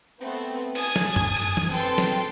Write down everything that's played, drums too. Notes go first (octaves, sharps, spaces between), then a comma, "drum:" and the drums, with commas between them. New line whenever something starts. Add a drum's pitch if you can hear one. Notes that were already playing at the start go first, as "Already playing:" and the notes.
A3 B3 C4 B4
G#5 A5 D#6 G#6, drum: cymbal
drum: snare
drum: tom F#2
drum: cymbal
drum: tom
C4 A4 B4 G5 A5 C6
drum: snare